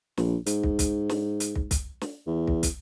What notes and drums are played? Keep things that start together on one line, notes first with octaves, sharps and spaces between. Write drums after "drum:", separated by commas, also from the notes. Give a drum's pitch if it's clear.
A#1, drum: snare
G#2, drum: hi-hat
drum: kick
drum: kick, hi-hat
drum: snare
drum: hi-hat
drum: kick
drum: kick, hi-hat
drum: snare
E2
drum: kick
drum: kick, hi-hat